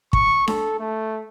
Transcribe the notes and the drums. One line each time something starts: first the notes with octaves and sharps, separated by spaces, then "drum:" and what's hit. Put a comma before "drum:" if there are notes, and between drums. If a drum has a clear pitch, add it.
C#6, drum: kick
A4, drum: snare D4
A3